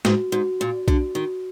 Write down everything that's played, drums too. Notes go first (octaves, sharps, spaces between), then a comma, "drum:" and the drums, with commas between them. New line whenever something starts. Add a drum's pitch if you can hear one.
G#2 F#4, drum: snare
G#2 F#4
A#2 F#4
D3 F#4, drum: kick B1
D#3 F#4